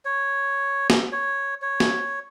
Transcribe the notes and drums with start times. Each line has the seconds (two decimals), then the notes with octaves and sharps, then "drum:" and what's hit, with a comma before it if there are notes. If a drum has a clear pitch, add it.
0.05 C#5
0.90 drum: snare
1.12 C#5
1.62 C#5
1.80 drum: snare